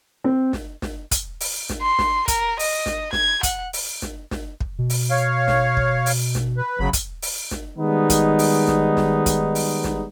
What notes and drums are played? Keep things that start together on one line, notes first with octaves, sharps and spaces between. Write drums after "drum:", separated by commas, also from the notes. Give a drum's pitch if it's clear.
C4
drum: snare
drum: snare
drum: kick, hi-hat
drum: open hi-hat
drum: snare
C6
drum: snare
A#4, drum: kick, hi-hat
D#5, drum: open hi-hat
drum: snare
G#6, drum: snare
F#5, drum: kick, hi-hat
drum: open hi-hat
drum: snare
drum: snare
drum: kick
B2
drum: open hi-hat
C#5 F5
drum: snare
drum: kick
drum: open hi-hat
drum: snare
B4
G1 C#3 F#3 B5
drum: kick, hi-hat
drum: open hi-hat
drum: snare
D#3 G3 G#3 B3 D#4
drum: kick, hi-hat
drum: open hi-hat
drum: snare
drum: snare
drum: kick, hi-hat
drum: open hi-hat
drum: snare